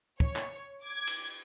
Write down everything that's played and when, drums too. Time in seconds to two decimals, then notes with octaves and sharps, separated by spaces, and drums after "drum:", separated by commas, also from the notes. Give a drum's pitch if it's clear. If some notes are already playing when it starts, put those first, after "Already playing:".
0.20 C#5, drum: kick
0.36 drum: clap
0.83 D6 G#6
1.07 drum: cymbal